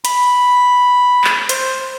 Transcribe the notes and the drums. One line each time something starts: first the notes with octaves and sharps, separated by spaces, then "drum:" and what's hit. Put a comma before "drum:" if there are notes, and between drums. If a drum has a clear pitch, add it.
B5, drum: hi-hat
drum: clap
C5, drum: hi-hat